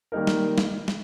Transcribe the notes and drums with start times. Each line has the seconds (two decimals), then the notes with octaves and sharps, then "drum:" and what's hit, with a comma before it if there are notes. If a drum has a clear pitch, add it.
0.12 D#3 G3 A#3 D#4 A#4
0.27 drum: snare
0.58 drum: snare
0.88 drum: snare